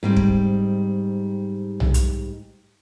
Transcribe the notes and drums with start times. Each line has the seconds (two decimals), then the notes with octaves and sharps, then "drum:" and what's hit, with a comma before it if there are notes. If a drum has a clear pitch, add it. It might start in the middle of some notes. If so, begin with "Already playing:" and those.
0.03 G#2 G3 C4
0.17 drum: kick
1.80 drum: tom B1
1.94 drum: hi-hat